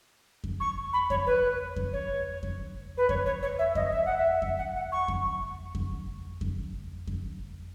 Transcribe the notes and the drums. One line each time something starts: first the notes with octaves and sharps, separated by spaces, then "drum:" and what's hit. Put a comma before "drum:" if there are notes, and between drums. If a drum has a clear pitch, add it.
drum: kick F2
C#6
B5
C#5, drum: kick F2
B4
drum: kick F2
C#5
drum: kick F2
B4
C#5, drum: kick F2
C#5
C#5
E5
D#5, drum: kick F2
E5
F#5
E5
drum: kick F2
F#5
F#5
C#6
drum: kick F2
drum: kick F2
drum: kick F2
drum: kick F2